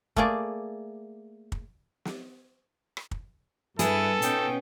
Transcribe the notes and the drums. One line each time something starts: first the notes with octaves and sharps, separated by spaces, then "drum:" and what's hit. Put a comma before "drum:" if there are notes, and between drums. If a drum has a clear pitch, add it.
A3 A#3 G#4 D5, drum: kick
drum: kick
drum: snare
drum: rim click
drum: kick
G2 B3 E4 G#4 A4 B4, drum: hi-hat
B2 C#4 D#4 G5, drum: hi-hat